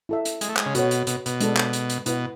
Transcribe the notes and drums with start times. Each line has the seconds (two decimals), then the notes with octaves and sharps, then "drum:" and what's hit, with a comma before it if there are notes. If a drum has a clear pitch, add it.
0.09 E4 A4 E5
0.25 drum: hi-hat
0.41 G#3, drum: hi-hat
0.49 A3
0.57 G#3, drum: clap
0.66 C#3
0.75 B2 F#4 A4 C#5, drum: hi-hat
0.91 drum: hi-hat
1.07 B2, drum: hi-hat
1.26 B2, drum: hi-hat
1.41 G#3 D4 A4 D5, drum: hi-hat
1.57 drum: clap
1.73 drum: hi-hat
1.90 drum: hi-hat
2.06 B2 E4 B4 F#5, drum: hi-hat